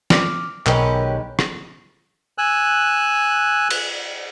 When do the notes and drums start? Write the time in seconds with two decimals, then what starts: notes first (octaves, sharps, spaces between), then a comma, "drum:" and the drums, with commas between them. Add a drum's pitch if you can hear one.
0.10 D6 F6, drum: snare
0.67 B1 D#3 G#3 C#4 G4 A#4 B4, drum: clap
1.39 drum: rim click
2.38 G#5 E6 F#6
3.71 drum: cymbal